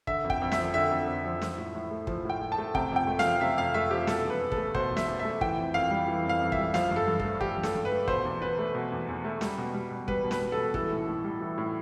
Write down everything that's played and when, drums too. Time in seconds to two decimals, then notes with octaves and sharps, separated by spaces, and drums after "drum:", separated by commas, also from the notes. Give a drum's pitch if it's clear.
0.07 D3 E5, drum: kick
0.24 F2
0.30 G5, drum: kick
0.42 F2
0.52 E5, drum: snare
0.58 F3
0.74 D3 E5
0.91 F2
1.07 F2
1.24 F3
1.41 F3, drum: snare
1.58 A2
1.75 A2
1.91 A3
2.07 F3, drum: kick
2.25 A2 G5
2.41 A2
2.52 A5
2.58 A3
2.75 C3 G5, drum: kick
2.92 F2 G5
3.07 A3
3.19 F5, drum: snare
3.24 F3
3.41 C3 E5
3.57 F2 F5
3.74 A3 E5
3.91 F3 G4
4.07 B2 A4, drum: snare
4.25 E2 B4
4.41 E2
4.52 A4, drum: kick
4.58 A3
4.75 B2 C5, drum: kick
4.91 E2
4.97 E5, drum: snare
5.08 E2
5.19 E5
5.25 A3
5.41 E3 G5, drum: kick
5.58 F2
5.74 F2 F5
5.91 G3
6.08 E3
6.25 F2 F5
6.41 F2
6.52 E5, drum: kick
6.58 G3
6.74 F3 F5, drum: snare
6.91 G2
6.96 A4
7.07 G2
7.20 A3 A4, drum: kick
7.41 F3 G4, drum: kick
7.58 G2
7.63 A4, drum: snare
7.75 G2
7.85 B4
7.91 A3
8.08 B2 C5, drum: kick
8.25 E2
8.41 E2 B4
8.58 A3
8.75 B2
8.92 E2
9.08 E2
9.24 A3
9.41 G3, drum: snare
9.58 B2
9.74 G3
9.91 B2
10.08 G3 B4, drum: kick
10.24 B2
10.31 B4, drum: snare
10.41 G3
10.52 A4
10.57 B2
10.74 E3 A4, drum: kick
10.91 A2
11.08 A2
11.24 G3
11.41 E3
11.58 A2